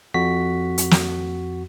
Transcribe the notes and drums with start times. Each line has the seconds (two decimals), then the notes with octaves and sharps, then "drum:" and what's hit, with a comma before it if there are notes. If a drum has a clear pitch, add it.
0.14 F2 F#4 B6
0.78 drum: hi-hat
0.91 drum: snare